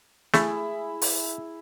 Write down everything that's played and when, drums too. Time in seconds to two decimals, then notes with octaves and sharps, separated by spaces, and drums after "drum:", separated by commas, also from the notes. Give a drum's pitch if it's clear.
0.34 A3 E4 G#4, drum: snare
1.02 drum: open hi-hat